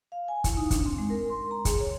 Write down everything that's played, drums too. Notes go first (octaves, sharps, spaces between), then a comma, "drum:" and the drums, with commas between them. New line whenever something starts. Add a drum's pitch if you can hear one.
F5
G#5
E4, drum: kick, hi-hat
D#4
D4, drum: kick, hi-hat
C4
G#3
A#4
C6
A#5
G#4, drum: kick, hi-hat
C#5